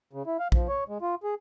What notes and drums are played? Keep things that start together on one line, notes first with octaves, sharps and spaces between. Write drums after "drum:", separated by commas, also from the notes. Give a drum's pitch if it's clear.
C#3
E4
F5
F3, drum: kick A#1
C#5
G#3
F4
G#4